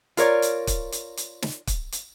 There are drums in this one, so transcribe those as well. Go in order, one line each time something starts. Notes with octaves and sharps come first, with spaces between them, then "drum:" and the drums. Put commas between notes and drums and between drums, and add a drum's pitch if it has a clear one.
F4 A#4 C#5 D5, drum: hi-hat
drum: hi-hat
drum: kick, hi-hat
drum: hi-hat
drum: hi-hat
drum: snare
drum: kick, hi-hat
drum: hi-hat